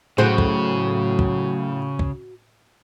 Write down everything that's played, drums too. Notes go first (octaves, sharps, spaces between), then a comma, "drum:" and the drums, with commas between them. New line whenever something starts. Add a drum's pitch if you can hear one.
A2 C#3 F#3 F#4 G#4 C5
drum: kick
drum: kick
drum: kick